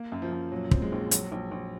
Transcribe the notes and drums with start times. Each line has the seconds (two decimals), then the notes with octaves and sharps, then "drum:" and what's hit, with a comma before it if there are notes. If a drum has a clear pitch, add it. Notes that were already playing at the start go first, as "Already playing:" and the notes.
Already playing: A#3
0.12 F#2
0.22 F3
0.32 F#2
0.52 A#2 F#3
0.71 C4, drum: kick
0.82 G#3
0.92 A#1
1.11 A#1 F#3, drum: hi-hat
1.32 A#1
1.51 A#1